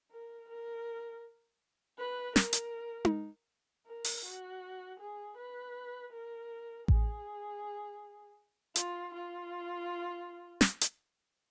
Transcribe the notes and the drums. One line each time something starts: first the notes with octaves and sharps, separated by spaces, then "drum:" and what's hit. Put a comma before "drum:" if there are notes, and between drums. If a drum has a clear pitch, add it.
A#4
A#4
B4
A#4, drum: snare
drum: hi-hat
drum: tom D#4
A#4
drum: open hi-hat
F#4
G#4
B4
A#4
G#4, drum: kick A1
F4, drum: hi-hat
F4
drum: snare
drum: hi-hat